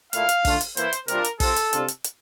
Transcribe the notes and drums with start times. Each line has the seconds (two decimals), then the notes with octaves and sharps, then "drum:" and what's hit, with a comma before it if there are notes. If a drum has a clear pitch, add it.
0.13 A#2 A3 E4 F5, drum: hi-hat
0.29 drum: hi-hat
0.45 D3 A3 D4 F4, drum: kick, open hi-hat
0.61 drum: hi-hat
0.77 E3 A#3 E4 C5, drum: hi-hat
0.93 drum: hi-hat
1.08 C3 G3 D4 F4 A#4, drum: hi-hat
1.24 drum: hi-hat
1.40 C3 F3 C4 A4, drum: kick, open hi-hat
1.56 drum: hi-hat
1.73 C3 G3 D4 F4, drum: hi-hat
1.88 drum: hi-hat
2.04 drum: hi-hat